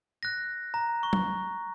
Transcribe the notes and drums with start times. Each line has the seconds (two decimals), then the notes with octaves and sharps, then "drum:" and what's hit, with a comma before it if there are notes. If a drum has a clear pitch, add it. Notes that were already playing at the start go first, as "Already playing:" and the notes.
0.23 F#6 A#6
0.74 A#5
1.03 C#6
1.13 drum: tom F#3